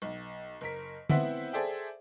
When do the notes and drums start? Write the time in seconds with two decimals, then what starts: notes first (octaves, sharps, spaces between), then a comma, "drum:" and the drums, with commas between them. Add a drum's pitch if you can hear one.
0.02 B1
0.61 F#1 A#4 B6
1.10 B3 C4 E4 C5 E5 F#5, drum: tom
1.53 G#4 A4 C5 D5 E5 G5